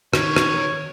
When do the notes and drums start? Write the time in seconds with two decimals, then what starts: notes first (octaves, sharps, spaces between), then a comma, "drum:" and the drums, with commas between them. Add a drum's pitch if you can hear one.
0.14 D#3 C#5, drum: rim click
0.36 drum: rim click